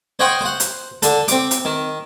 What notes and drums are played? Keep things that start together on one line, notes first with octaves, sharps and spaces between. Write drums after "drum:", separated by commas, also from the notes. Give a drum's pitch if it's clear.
C5 C#5 D#5 F#5 G5 C6
C5 F#5
drum: hi-hat
D3 A4, drum: hi-hat
C4 D6, drum: hi-hat
drum: hi-hat
D#3